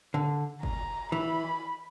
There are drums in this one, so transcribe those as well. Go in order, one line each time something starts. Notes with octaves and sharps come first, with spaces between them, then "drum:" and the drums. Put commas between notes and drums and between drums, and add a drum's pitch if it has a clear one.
D3
A#5, drum: kick F#1
E3 B5